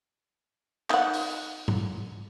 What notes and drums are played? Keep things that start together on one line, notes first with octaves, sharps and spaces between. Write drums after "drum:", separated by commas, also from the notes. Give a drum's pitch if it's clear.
D#4 F#5, drum: clap
drum: open hi-hat
drum: tom G#2